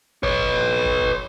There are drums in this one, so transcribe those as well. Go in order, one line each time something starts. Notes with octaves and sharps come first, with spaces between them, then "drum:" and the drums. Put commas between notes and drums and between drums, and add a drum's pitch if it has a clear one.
B4 C#5, drum: kick
drum: kick
drum: kick
drum: kick